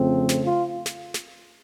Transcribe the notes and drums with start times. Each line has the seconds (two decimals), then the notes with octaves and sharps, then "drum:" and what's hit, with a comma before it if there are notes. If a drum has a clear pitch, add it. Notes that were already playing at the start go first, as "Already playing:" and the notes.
Already playing: F2 C#3 F3 A3 C4
0.29 drum: snare
0.43 F4
0.86 drum: snare
1.14 drum: snare